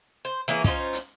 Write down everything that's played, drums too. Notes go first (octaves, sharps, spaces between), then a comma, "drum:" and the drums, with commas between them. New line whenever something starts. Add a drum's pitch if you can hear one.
C5
E3 A#3 C#4 G#4
C#4 D#4 F4 C5, drum: kick
drum: hi-hat